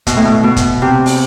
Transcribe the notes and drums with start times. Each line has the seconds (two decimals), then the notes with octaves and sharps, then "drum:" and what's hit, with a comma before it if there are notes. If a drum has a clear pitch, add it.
0.07 B2, drum: kick, hi-hat
0.16 A2
0.25 B2
0.44 B2
0.56 drum: kick, hi-hat
0.82 C3
1.06 drum: open hi-hat